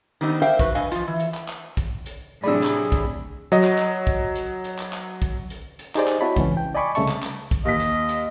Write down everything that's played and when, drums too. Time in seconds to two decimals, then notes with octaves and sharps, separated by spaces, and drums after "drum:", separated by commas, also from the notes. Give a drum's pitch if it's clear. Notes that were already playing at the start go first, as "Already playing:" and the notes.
0.21 D#3 G3 B3 C4 D#4
0.42 A#4 C5 E5 F5 G5
0.59 F#4 B4, drum: kick A#1, hi-hat
0.75 G2 D#5 F5 G#5
0.92 F3 F4, drum: hi-hat
1.07 E3
1.20 drum: hi-hat
1.34 drum: clap
1.48 drum: clap
1.77 drum: kick A#1, hi-hat
2.06 drum: hi-hat
2.44 A2 C3 F#3 D4 G#4 D5 B5 E6
2.63 drum: clap
2.92 drum: kick A#1, hi-hat
3.52 F#3 D#5, drum: hi-hat
3.64 drum: clap
3.78 drum: clap
4.07 drum: kick A#1, hi-hat
4.36 drum: hi-hat
4.64 drum: hi-hat
4.79 drum: clap
4.93 drum: clap
5.22 drum: kick A#1, hi-hat
5.50 drum: hi-hat
5.79 drum: hi-hat
5.95 D#4 G4 G#4 C5 D5 D#5, drum: clap
6.08 drum: clap
6.21 C4 E4 F#4 C#5 A5 B5
6.36 C#2 E3 C#4, drum: kick A#1, hi-hat
6.57 G5
6.74 D5 D#5 G#5 B5 C#6 D6
6.95 C2 C#3 A3 E5 A5 C#6, drum: hi-hat
7.08 drum: clap
7.23 drum: clap
7.51 drum: kick A#1, hi-hat
7.65 D#2 D#5 B6
7.80 drum: hi-hat
8.09 drum: hi-hat